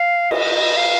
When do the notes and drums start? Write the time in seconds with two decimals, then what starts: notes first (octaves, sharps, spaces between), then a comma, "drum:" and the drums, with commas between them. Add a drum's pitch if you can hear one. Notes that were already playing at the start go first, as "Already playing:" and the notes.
Already playing: F5
0.31 D#5, drum: cymbal
0.77 F5